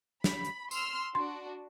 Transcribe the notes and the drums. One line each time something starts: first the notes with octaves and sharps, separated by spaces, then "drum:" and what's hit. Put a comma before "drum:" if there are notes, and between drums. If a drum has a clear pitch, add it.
B5, drum: snare
drum: hi-hat
C6 E6 F6, drum: tambourine
D4 F#4 C6